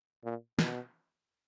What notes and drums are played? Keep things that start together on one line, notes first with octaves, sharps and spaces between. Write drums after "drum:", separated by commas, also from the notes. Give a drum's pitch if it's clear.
A#2
B2, drum: snare